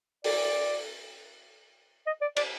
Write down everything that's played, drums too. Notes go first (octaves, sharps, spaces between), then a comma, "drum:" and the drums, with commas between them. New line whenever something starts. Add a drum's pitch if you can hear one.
D5, drum: open hi-hat
D#5
D5
D5, drum: cymbal